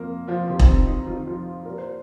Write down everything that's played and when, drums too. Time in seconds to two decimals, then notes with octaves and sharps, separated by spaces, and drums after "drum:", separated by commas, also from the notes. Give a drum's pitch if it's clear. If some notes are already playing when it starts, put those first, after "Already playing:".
Already playing: F2 F3 A#3 A#4
0.27 F3 F4
0.47 F2 D#3 G3 C4
0.59 D#4, drum: kick E1
0.67 C4
0.87 D#4
1.06 F2 D#3 G3 F4
1.16 D#4
1.27 F3 F4
1.65 A#2 G3 A#4
1.78 C5